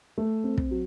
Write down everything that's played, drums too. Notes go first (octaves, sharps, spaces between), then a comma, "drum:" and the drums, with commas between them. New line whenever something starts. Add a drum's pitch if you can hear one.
A3
C4
drum: kick
F#3